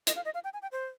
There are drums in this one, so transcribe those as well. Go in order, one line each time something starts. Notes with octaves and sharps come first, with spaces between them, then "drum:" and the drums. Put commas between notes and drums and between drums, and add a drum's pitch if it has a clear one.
D#5, drum: hi-hat
F5
D#5
F5
G5
G#5
G5
C5